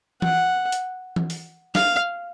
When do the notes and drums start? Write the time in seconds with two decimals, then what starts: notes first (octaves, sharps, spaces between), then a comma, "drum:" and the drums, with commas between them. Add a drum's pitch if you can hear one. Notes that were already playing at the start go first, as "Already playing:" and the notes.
0.22 F#5, drum: tom E3
0.72 drum: hi-hat
1.16 drum: tom E3
1.30 drum: open hi-hat
1.75 F5, drum: snare